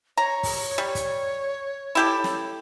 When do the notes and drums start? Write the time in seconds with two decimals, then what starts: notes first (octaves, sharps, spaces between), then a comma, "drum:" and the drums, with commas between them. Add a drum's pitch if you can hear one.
0.17 C#5 A#5
0.43 drum: kick, open hi-hat
0.78 G3
0.95 drum: kick, hi-hat
1.95 E4 G4 A4
2.24 drum: snare